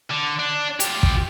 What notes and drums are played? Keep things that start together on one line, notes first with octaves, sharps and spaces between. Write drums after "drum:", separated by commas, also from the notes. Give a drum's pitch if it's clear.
D3
D4
F4 G4, drum: hi-hat
drum: kick